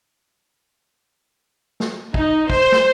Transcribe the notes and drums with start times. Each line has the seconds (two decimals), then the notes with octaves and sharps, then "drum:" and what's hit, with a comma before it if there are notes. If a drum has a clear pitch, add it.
1.80 drum: snare
2.14 D#4, drum: kick
2.50 C5, drum: kick
2.72 drum: snare